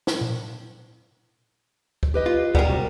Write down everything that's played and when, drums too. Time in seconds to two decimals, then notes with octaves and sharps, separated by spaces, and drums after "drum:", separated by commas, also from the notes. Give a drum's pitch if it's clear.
0.07 drum: snare
0.21 drum: tom A#2
2.03 drum: kick D2
2.14 G4 B4 D#5
2.26 F4
2.55 G3 G#4 A#4 F#5 A#5, drum: kick D2
2.67 A2 C3 F#4